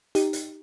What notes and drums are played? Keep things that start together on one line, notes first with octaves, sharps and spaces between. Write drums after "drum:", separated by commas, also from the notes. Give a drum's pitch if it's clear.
D#4 G4, drum: hi-hat
drum: hi-hat